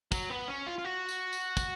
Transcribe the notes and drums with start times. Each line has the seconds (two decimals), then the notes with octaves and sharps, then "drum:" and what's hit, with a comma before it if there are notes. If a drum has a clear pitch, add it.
0.12 F#3, drum: kick, tambourine
0.30 B3
0.48 C#4
0.67 F4
0.78 F4
0.84 F#4
1.09 drum: tambourine
1.33 drum: tambourine
1.57 drum: kick, tambourine